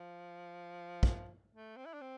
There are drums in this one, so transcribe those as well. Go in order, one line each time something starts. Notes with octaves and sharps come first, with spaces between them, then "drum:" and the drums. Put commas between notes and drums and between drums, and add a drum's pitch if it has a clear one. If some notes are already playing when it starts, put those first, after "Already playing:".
Already playing: F3
drum: kick
A3
C4
E4
D4
C4